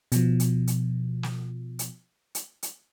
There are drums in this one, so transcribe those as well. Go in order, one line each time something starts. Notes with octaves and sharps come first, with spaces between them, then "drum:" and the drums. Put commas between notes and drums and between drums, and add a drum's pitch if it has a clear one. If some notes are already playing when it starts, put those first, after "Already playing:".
B2 F3, drum: hi-hat
drum: hi-hat
drum: hi-hat
drum: snare
drum: hi-hat
drum: hi-hat
drum: hi-hat